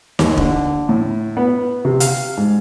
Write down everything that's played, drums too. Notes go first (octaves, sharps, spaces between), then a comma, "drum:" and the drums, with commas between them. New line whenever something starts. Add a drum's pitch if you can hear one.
D#2, drum: snare D#4
D3, drum: kick
A2
B3
C3
F5, drum: hi-hat
G#2